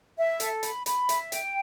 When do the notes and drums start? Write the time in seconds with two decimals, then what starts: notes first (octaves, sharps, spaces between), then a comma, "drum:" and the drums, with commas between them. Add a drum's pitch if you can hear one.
0.17 E5
0.40 A4, drum: hi-hat
0.63 B5, drum: hi-hat
0.86 B5, drum: hi-hat
1.09 E5, drum: hi-hat
1.32 G5, drum: hi-hat